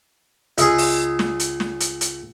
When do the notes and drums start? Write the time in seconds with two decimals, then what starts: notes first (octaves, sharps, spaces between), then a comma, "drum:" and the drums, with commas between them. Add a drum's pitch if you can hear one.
0.58 C#2 G#4, drum: hi-hat
0.78 drum: open hi-hat
1.19 drum: snare
1.40 drum: hi-hat
1.60 drum: snare
1.80 drum: hi-hat
2.01 drum: hi-hat